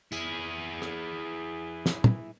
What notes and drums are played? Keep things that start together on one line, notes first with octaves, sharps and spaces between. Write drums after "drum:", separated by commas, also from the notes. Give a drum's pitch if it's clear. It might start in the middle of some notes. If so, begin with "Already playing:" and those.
E4 G#4, drum: tambourine
drum: rim click
drum: snare
drum: tom